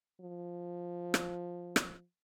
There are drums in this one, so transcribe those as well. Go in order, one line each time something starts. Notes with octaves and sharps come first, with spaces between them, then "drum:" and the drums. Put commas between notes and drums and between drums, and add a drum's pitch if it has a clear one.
F3
drum: rim click
drum: rim click